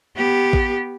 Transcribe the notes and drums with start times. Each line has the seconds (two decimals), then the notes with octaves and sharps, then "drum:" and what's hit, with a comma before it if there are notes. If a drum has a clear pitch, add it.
0.17 B3 G4
0.53 drum: kick A1